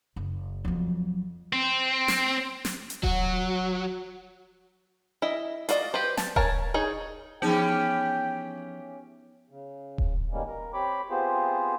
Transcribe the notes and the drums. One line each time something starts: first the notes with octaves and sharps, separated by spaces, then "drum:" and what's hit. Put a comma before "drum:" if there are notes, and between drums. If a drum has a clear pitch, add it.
F#1
F2 F#3
C4
drum: snare
drum: snare
drum: hi-hat
F#3 F#4, drum: kick D#1
E4 D#5
F4 F#4 D5 D#5, drum: hi-hat
G4 B4 C5
A5, drum: snare
A#4 C#5 G#5 A5, drum: kick D#1
D#4 G#4 C#5
E3 F3 B3 C#4 D#4 G4 G#4 G5
C#3
drum: kick D#1
B2 D#3 G3 G#3 A#3 C#4
A#4
C4 G4 C#5 B5 D6
B3 C4 F4 G4 G#4 C5